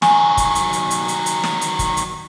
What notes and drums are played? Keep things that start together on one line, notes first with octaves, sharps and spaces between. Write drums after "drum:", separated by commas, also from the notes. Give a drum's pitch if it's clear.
D#3 F#3 G#5, drum: snare
drum: kick, hi-hat
drum: hi-hat
drum: hi-hat
drum: hi-hat
drum: hi-hat
drum: hi-hat
drum: snare
drum: hi-hat
drum: kick, hi-hat
drum: hi-hat